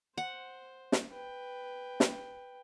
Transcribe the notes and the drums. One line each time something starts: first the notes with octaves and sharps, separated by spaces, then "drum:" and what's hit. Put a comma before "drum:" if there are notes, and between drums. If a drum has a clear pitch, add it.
C5 F#5
drum: snare
B4 G5
drum: snare